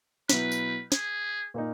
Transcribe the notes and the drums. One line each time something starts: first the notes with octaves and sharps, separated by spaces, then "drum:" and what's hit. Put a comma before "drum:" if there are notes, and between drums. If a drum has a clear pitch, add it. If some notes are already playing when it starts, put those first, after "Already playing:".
B2 F#3 B3 E4 B4, drum: snare
drum: tambourine
G#4, drum: snare
A#2 A#3 D#4